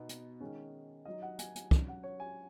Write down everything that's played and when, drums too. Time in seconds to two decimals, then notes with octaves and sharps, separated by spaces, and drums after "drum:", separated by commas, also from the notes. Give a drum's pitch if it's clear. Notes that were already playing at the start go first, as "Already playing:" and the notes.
Already playing: B2 B3 D#4
0.09 drum: hi-hat
0.41 D#3 G#3 C#4
1.05 F#3 D#4 D#5
1.22 F#5
1.39 G#5, drum: hi-hat
1.56 G#5, drum: hi-hat
1.71 F#3 C#4, drum: kick
1.88 F#5
2.03 C#5
2.20 G#5